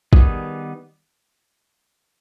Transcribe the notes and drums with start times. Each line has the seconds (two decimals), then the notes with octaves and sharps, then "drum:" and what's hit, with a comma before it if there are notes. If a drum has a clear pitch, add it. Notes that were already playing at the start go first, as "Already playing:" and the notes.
0.13 D#3 G3 B3 G#4, drum: kick